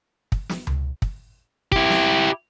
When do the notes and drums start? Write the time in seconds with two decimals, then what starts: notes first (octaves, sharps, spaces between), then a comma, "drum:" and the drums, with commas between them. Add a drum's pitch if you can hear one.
0.32 drum: kick
0.49 drum: snare
0.67 drum: tom C#2
1.02 drum: kick
1.72 E4 G4, drum: kick
1.90 drum: snare